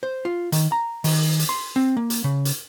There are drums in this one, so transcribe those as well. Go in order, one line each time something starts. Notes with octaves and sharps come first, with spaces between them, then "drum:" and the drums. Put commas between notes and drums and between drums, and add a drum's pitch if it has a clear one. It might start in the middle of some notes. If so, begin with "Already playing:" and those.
C5
F4
D#3, drum: hi-hat
A#5
D#3, drum: open hi-hat
drum: hi-hat
C6
C4
A#3
drum: hi-hat
C#3
drum: hi-hat